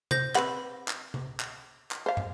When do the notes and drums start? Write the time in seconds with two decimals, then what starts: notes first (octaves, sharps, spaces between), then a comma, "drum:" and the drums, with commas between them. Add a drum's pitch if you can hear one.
0.11 C5 G6 A#6, drum: tom C3
0.35 C4 B4 F#5 B5, drum: clap
0.88 drum: clap
1.14 drum: tom C3
1.40 drum: clap
1.91 drum: clap
2.06 C5 F5
2.17 drum: tom